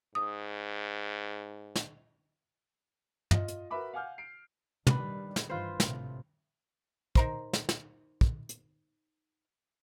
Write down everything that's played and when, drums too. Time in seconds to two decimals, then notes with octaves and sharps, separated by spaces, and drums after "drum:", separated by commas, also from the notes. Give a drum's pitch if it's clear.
0.15 G#2 D#6
1.76 drum: snare
3.31 F4 D#5, drum: tom
3.48 drum: hi-hat
3.71 F#4 A#4 B4 E5 B5 D6
3.93 F5 F#5 G#5 D6 F6 G6
4.18 C7 D7
4.87 D#3 G3 D4 B4, drum: tom
5.36 drum: snare
5.49 G2 D#3 E3 F4 B4 C5
5.80 G#1 A2 C3, drum: snare
7.15 D#4 A#4 C5, drum: kick
7.53 drum: snare
7.69 drum: snare
8.21 drum: kick
8.49 drum: hi-hat